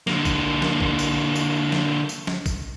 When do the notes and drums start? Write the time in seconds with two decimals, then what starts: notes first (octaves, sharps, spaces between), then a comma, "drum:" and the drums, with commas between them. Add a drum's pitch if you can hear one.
0.07 D3 A#3, drum: snare
0.25 drum: kick A#1, tambourine
0.62 drum: snare
0.80 drum: kick A#1
0.99 drum: tambourine
1.36 drum: tambourine
1.72 drum: snare
2.09 drum: tambourine
2.27 drum: snare
2.46 drum: kick A#1, tambourine